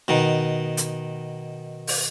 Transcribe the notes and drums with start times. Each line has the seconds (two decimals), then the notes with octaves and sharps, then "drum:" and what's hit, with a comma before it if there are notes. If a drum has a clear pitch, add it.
0.08 B2 D#3
0.77 drum: hi-hat
1.87 drum: open hi-hat